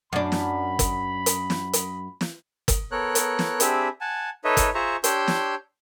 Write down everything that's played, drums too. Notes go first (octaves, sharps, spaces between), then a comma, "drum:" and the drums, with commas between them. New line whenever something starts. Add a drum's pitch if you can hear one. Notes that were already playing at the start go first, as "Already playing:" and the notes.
F#2 D4 B5
drum: snare
drum: kick G1, hi-hat
drum: hi-hat
drum: snare
drum: hi-hat
drum: snare
drum: kick G1, hi-hat
B3 A4 A#4 C#5 F#6
drum: hi-hat
drum: snare
C4 D4 G4 G#4 E5 B5, drum: hi-hat
F#5 G#5 A5
D#4 A4 B4 C#5 D#5 E5
drum: kick G1, hi-hat
F4 G#4 C5 E5 A#5 C#6
D4 G4 C#5 C6 E6 G6, drum: hi-hat
drum: snare